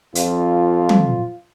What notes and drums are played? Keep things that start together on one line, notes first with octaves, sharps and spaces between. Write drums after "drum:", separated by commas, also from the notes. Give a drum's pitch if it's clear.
F2 F4, drum: hi-hat
drum: tom